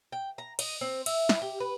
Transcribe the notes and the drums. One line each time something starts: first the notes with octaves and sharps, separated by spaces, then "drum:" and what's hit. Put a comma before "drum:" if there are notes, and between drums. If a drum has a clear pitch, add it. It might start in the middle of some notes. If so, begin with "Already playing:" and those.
G5
A#5
D#5, drum: cymbal
C4
E5, drum: cymbal
E4, drum: snare
G4
B4